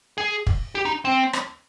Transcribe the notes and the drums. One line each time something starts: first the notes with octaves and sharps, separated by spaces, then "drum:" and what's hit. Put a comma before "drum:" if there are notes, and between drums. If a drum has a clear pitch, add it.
G#4
drum: kick
G4
D#4
C4
drum: rim click